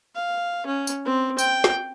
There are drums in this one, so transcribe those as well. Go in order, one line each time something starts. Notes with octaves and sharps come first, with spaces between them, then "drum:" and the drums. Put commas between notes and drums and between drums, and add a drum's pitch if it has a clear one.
F5
C#4
drum: tambourine
C4
G5, drum: tambourine
drum: snare